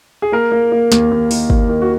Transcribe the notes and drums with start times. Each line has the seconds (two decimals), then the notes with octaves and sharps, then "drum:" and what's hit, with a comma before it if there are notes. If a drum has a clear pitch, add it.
0.22 G#4
0.32 A#3 A#4
0.52 A#3
0.72 A#3
0.92 D#2, drum: snare
1.11 D#2
1.31 D#3, drum: open hi-hat
1.50 D#2, drum: kick
1.69 D#3
1.82 F#4